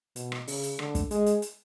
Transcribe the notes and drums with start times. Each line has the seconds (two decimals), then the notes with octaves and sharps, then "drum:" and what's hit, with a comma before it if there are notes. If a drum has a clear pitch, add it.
0.16 B2, drum: hi-hat
0.32 drum: rim click
0.47 C#3, drum: open hi-hat
0.63 drum: hi-hat
0.79 D3, drum: rim click
0.95 drum: kick, hi-hat
1.11 G#3, drum: hi-hat
1.26 drum: hi-hat
1.42 drum: hi-hat